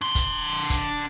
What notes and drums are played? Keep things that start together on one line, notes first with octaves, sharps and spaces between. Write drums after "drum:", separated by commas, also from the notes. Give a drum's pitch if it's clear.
D4 C6
drum: kick, hi-hat
drum: kick, hi-hat